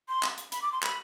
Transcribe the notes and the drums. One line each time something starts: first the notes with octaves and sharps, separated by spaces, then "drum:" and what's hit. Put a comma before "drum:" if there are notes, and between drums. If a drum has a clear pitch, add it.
C6
drum: clap
drum: hi-hat
B5, drum: hi-hat
D6
C6
B5, drum: clap